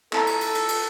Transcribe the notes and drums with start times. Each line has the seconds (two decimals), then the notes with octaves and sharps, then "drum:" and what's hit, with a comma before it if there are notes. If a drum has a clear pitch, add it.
0.13 E4 A4 A5 A#5, drum: clap
0.27 drum: cymbal
0.41 drum: cymbal
0.55 drum: cymbal
0.69 drum: cymbal